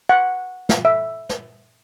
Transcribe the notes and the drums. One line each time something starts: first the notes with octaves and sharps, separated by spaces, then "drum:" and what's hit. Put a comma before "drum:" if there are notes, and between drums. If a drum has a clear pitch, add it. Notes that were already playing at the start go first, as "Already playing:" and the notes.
F#5
drum: snare
E5
drum: snare